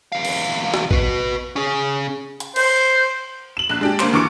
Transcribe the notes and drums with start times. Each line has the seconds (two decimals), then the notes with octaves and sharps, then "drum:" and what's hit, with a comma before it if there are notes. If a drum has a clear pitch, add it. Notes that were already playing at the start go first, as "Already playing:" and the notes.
0.12 E2 F5
0.25 drum: cymbal
0.74 drum: snare
0.91 F#4 B4, drum: kick
1.56 C#4 G#4
2.40 drum: hi-hat
2.56 C5, drum: cymbal
3.57 E7 F#7
3.70 A#1 F#6
3.81 G#3 D4 G4
3.99 G1 A#3 C5 C6, drum: clap
4.13 D2 E3 C#6 D6 C#7